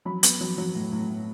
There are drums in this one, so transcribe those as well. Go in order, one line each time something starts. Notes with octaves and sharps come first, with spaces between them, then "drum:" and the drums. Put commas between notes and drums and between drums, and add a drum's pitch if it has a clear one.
F#3 B5
B3, drum: hi-hat
F#3
F#3
A2
A2
A2